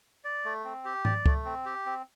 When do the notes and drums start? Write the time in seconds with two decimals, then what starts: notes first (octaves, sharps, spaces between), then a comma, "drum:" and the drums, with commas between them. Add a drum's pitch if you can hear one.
0.24 D5
0.45 A3
0.64 C4
0.85 G4
1.05 D5, drum: tom G#2
1.26 A3, drum: kick C#2
1.45 C4
1.66 G4
1.86 C4